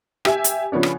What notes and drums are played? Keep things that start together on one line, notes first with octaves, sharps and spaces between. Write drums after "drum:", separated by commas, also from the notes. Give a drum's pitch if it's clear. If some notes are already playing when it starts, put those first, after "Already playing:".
G4 E5 G#5, drum: rim click
drum: hi-hat
C#3 F3 B3 C#4 D4
drum: rim click